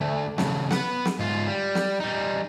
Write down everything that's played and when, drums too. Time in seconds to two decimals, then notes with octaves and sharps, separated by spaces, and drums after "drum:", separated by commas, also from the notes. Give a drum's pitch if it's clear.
0.01 D2 A3
0.38 C#3 A3, drum: snare
0.71 B4 F#5, drum: snare
1.05 drum: snare
1.19 G#2 F4
1.48 G3
1.75 drum: snare
2.00 G3 D#4